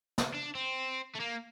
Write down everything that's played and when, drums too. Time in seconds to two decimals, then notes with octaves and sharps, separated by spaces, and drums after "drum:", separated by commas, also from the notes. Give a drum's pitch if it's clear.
0.18 drum: snare
0.34 D4
0.55 C4
1.15 A3
1.20 A#3